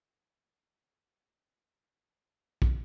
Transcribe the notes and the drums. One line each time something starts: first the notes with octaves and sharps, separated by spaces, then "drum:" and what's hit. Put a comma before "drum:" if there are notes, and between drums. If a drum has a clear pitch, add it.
D#4 G#6 A6
F4 F#4 G#4 A4 C5 C#5
A1 D2 A#2 E3 F3 G3
drum: kick